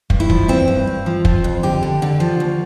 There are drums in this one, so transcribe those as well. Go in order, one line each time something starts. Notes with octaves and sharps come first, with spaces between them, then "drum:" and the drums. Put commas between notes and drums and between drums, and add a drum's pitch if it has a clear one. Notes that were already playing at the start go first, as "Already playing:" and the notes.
G2, drum: kick
E4
F3, drum: kick
G2 C4
G2
G2
F3
F3, drum: kick
F2
D3 G4
D3
D3
F3
D2